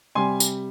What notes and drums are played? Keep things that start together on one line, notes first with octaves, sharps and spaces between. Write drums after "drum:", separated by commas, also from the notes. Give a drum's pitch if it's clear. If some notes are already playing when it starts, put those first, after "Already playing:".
C3 G3 G#5 C6
drum: tambourine